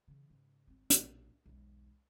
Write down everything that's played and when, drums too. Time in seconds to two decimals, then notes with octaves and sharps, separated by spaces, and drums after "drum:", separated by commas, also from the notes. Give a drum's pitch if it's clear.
0.08 C#3 E3
0.30 G#2 C#3
0.67 G1 C4
0.90 A#1 B2, drum: hi-hat
1.46 E1 B1